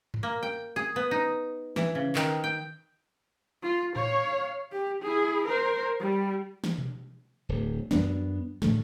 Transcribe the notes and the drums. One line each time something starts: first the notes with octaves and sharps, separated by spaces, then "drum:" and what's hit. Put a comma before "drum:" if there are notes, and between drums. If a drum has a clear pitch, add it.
drum: tom G2
A#3
G5
G#4
B3
D#4
E3, drum: snare
C#3
D#3, drum: clap
G5
F4
C#5 F5, drum: tom A2
G4
E4 G#4
A#4 C5
G3
drum: snare
drum: tom B2
D1
F#2 B3 D4, drum: snare
A2 D3 A3, drum: snare